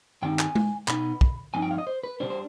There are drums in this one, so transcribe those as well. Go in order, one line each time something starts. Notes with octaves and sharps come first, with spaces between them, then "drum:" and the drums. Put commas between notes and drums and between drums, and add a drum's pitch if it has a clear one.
G2 D#3 G3 C4 D#4 G5
G#5, drum: clap
drum: tom G#3
B2 B3 D#4 B5, drum: clap
drum: kick
G2 F3 C4 D#4 G#5
G5
F5
D#5
C5
B4
C3 G3 D4 C5
C5